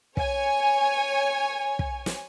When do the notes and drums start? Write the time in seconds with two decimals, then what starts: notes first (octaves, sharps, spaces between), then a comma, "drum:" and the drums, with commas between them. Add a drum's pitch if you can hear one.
0.17 C#5 G#5, drum: kick
1.79 drum: kick
2.06 drum: snare